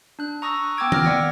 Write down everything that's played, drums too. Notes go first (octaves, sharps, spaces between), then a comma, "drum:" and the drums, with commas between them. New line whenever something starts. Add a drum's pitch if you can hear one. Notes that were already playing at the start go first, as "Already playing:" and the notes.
D4 F#6
A#5 C#6 D#6 E6 A#6
B3 G5 D6 E6 G#6 D7
D6 F6 A#6, drum: tom D#3
A#3 D5 F#5 G#6 A#6